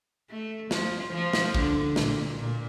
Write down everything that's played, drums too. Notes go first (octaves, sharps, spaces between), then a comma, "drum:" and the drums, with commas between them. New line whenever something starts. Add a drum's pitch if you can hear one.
A3
F3, drum: snare
F3
drum: snare
D3, drum: kick
A#2, drum: snare
A#2